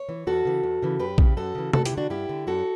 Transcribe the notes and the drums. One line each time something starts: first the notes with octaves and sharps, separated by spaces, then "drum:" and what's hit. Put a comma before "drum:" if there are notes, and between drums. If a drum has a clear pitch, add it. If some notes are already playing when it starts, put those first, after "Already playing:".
Already playing: C#5
E3
E2 F#4 A4
C#3 E3
E2
C#3 E3
F#2 G4 B4
C#3 E3, drum: kick A#1
F#2 F#4 A4
C#3 E3
G2 F#4 A4, drum: tom
E4 G4, drum: hi-hat
D3
D4 F#4
G2 E4 G4
D3
F#2 F#4 A4